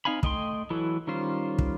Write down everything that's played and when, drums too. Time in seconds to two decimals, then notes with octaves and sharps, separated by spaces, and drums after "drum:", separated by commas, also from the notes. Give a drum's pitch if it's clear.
0.05 C4 D#4 F5 G#5 B5
0.23 A3 D#5 G5 C6, drum: kick
0.70 E3 F#3 E4 A4
1.07 D#3 G3 C#4 F4 C5
1.59 drum: kick